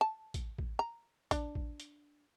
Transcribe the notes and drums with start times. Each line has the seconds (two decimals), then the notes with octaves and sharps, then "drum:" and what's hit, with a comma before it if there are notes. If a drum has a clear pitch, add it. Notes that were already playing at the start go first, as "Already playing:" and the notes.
0.01 A5
0.34 drum: kick, hi-hat
0.58 drum: kick
0.79 A#5
1.31 D4, drum: kick, hi-hat
1.55 drum: kick
1.80 drum: hi-hat